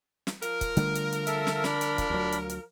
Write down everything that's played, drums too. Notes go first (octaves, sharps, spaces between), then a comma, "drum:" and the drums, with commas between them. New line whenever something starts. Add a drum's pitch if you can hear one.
drum: snare
F3 F4 A#4, drum: hi-hat
drum: kick, hi-hat
D3 G3 A3, drum: hi-hat
drum: hi-hat
drum: hi-hat
A4 E5, drum: hi-hat
drum: snare
D4 B5, drum: snare
drum: hi-hat
drum: kick, hi-hat
D2 F#3
drum: hi-hat
drum: hi-hat